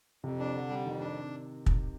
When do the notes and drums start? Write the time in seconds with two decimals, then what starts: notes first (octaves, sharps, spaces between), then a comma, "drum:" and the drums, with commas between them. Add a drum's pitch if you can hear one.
0.24 F2 C3
0.39 D4
0.55 D3
0.69 G3
0.85 F2 D#3
1.00 D4
1.66 drum: kick